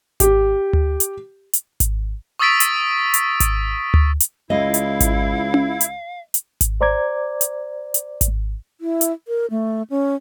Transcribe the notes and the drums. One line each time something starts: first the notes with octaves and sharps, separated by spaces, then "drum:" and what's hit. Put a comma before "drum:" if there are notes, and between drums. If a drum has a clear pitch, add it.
G4, drum: kick G#1, hi-hat
drum: tom D2
drum: hi-hat
drum: hi-hat
drum: kick G#1, hi-hat
C#6 D#6 E6 A6 B6 D7
drum: hi-hat
drum: hi-hat
drum: kick G#1, hi-hat
drum: tom D2
drum: hi-hat
C#2 E4 D#5 F5
drum: hi-hat
drum: kick G#1, hi-hat
drum: tom C#4
drum: hi-hat
drum: hi-hat
drum: kick G#1, hi-hat
C5 D5 A#5 D6 G#6
drum: hi-hat
drum: hi-hat
drum: kick G#1, hi-hat
E4
drum: hi-hat
A#4
A3
C#4